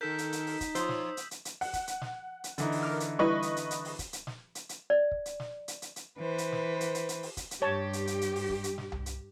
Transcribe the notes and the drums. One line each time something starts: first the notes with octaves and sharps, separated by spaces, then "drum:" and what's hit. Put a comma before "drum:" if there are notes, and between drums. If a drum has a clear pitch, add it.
D#3 D#4 A4 A#4 G6 B6 E7
drum: hi-hat
drum: hi-hat
drum: open hi-hat
drum: kick, hi-hat
F3 F4 C5 C#5 D#6 E6, drum: hi-hat
drum: snare
drum: hi-hat
drum: hi-hat
drum: hi-hat
F#5, drum: open hi-hat
drum: kick, hi-hat
drum: hi-hat
drum: snare
drum: hi-hat
D3 E3 D#4, drum: hi-hat
drum: open hi-hat
A#4 D6 F6
drum: hi-hat
G3 E4 B4 D#5 C#6
drum: hi-hat
drum: hi-hat
drum: hi-hat
drum: open hi-hat
drum: kick, hi-hat
drum: hi-hat
drum: snare
drum: hi-hat
drum: hi-hat
D5
drum: kick
drum: hi-hat
drum: snare
drum: hi-hat
drum: hi-hat
drum: hi-hat
E3 B4 C5
drum: hi-hat
drum: snare
drum: hi-hat
drum: hi-hat
drum: hi-hat
drum: open hi-hat
drum: kick, hi-hat
drum: hi-hat
G2 G4 C#5 A5
drum: hi-hat
drum: hi-hat
drum: hi-hat
drum: open hi-hat
drum: kick
drum: hi-hat
drum: snare
drum: tom C2
drum: hi-hat